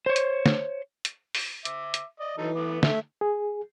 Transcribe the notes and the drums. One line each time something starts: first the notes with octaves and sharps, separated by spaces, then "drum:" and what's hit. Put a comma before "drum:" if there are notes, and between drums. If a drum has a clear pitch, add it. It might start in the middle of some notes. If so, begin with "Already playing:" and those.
C5 C#5
drum: hi-hat
drum: snare
drum: hi-hat
drum: open hi-hat
E5 D6, drum: hi-hat
drum: hi-hat
D5 D#5
E3 F#3 D#4 A4
A3 B3 D6
A3 E5, drum: snare
G#4